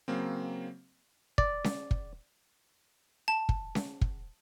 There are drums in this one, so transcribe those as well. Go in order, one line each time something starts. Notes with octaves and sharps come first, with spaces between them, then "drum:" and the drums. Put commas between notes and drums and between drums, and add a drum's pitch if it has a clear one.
C#3 F#3 A#3 C4
D5, drum: kick
drum: snare C#4
drum: kick
A5
drum: kick
drum: snare C#4
drum: kick